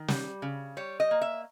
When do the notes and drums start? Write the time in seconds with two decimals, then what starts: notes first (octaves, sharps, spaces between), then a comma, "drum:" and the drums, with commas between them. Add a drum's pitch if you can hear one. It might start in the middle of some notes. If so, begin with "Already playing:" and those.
Already playing: D#3
0.08 G3, drum: snare
0.42 C#3
0.77 G3 C#5
1.00 D#5
1.11 A#3
1.21 E5